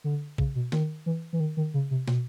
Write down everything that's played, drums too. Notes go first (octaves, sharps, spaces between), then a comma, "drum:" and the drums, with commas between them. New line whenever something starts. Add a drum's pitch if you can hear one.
D3
C#3, drum: kick A#1
B2
D#3, drum: snare
E3
E3
D#3
D#3
C#3
C3
B2, drum: snare